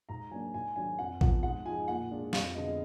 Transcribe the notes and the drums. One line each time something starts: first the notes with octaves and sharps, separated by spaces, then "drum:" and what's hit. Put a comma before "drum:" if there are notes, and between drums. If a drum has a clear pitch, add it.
G#2 A#5
F#3 A#3 D4 G#5
G#2 G#5
D#3 F#3 D4 G#5
F2 F#5
F3 B3 F#5, drum: kick A1
G#2 F#5
F3 G#3 D#4 G#5
A#2 F#5
G#3 D4 F4
F2 F5, drum: snare
D3 G#3 B3 D#5